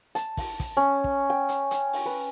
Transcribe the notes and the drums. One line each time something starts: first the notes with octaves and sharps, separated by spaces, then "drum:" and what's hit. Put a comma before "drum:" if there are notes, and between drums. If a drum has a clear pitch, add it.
A5, drum: hi-hat
drum: kick, open hi-hat
drum: kick, hi-hat
C#4
drum: kick
G5
drum: hi-hat
drum: hi-hat
drum: open hi-hat
B4